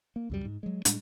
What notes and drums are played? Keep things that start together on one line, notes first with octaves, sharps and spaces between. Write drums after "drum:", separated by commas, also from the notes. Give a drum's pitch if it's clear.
A#3
C#2 F#2 G3
G#2
F#3 G#3
A2 G3 G#3 D4, drum: hi-hat